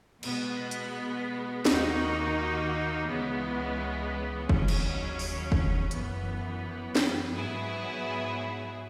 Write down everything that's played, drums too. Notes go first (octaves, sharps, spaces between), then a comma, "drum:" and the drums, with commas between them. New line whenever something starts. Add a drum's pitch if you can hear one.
B2 G#3 B3, drum: cymbal
drum: hi-hat
D#2 D#3 A#3 D#4 F#4, drum: snare
C#2 C#3 E3 G#3 B3
D#2 C#3 F#3 C#4, drum: kick
drum: cymbal
drum: open hi-hat
drum: kick
F#2 E3 B3, drum: hi-hat
drum: snare
G#2 F#3 B3 E4 G#4